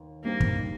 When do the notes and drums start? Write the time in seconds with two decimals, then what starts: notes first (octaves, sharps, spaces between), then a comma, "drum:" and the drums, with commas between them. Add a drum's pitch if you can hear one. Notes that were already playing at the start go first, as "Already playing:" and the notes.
Already playing: D#2 D#3
0.23 G2 G3 A#3 C4 D#4
0.40 drum: kick
0.58 G3 C4 D#4